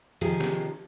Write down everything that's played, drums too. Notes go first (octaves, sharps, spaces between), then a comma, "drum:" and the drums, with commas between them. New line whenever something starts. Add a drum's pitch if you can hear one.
C3 D#3 F3 G4 G#4, drum: cymbal
drum: snare